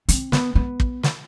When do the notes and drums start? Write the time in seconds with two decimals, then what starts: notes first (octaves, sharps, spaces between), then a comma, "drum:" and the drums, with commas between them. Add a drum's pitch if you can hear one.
0.09 C4, drum: hi-hat
0.32 B3, drum: snare
0.55 B3
0.80 drum: kick
1.03 drum: snare